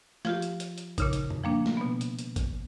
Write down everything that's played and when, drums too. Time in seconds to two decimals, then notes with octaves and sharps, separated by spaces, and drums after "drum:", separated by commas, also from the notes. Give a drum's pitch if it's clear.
0.25 F3 F4 G4, drum: snare
0.42 drum: hi-hat
0.60 drum: hi-hat
0.78 drum: hi-hat
0.98 A#2 C#3 D#4, drum: kick, hi-hat
1.13 drum: hi-hat
1.30 drum: tom F2
1.43 F3 G3 A#3 D4
1.66 drum: snare
1.77 B2 B3
2.01 drum: hi-hat
2.19 drum: hi-hat
2.36 drum: kick, hi-hat